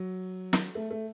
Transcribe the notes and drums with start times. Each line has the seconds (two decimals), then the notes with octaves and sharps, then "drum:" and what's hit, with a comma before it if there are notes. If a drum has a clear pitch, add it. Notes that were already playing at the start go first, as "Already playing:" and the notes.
Already playing: F#3
0.53 drum: snare
0.75 A3
0.91 A3